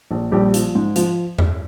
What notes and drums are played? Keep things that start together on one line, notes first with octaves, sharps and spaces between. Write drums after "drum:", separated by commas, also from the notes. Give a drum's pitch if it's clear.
A#1
A#1 G3 G4
F3, drum: hi-hat
G#2
F3, drum: hi-hat
drum: tom E2